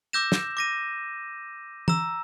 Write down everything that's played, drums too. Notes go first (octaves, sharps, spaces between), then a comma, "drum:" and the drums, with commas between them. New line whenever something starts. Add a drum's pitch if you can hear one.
D6 E6 G6 A#6 E7
drum: snare
D6 A#6 D#7
A#5 E6, drum: tom